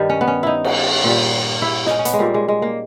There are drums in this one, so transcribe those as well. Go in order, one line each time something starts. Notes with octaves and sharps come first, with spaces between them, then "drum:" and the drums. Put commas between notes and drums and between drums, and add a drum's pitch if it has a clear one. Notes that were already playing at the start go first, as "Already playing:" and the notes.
Already playing: G2 D#3 G3
C#4
B3
C#4
D#4 E4
drum: cymbal
A#2 G3
E4
C#4 D#4, drum: snare
C#4
B3, drum: hi-hat
G#3
A#2 G3 A#3
G#3
G#3
A#3